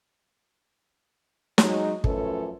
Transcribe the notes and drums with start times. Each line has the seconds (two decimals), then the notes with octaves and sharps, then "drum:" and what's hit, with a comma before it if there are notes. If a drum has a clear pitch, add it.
1.58 F#3 G#3 D#4, drum: snare
2.04 F#2 F3 A3 C#4 A4 B4, drum: kick